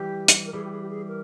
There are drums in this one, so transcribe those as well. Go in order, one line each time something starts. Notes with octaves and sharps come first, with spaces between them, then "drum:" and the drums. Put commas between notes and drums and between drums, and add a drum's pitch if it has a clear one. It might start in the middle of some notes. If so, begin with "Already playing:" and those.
Already playing: E3 G3 G4
drum: hi-hat
A#4
E3 G3 G#4
G4
G#4
G4
G#4
A#4